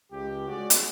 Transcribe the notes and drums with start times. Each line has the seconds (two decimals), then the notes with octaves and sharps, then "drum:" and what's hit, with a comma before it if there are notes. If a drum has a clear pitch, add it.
0.12 C#2 G4
0.48 G#3 C#4 F#4 G#4 D5
0.70 drum: hi-hat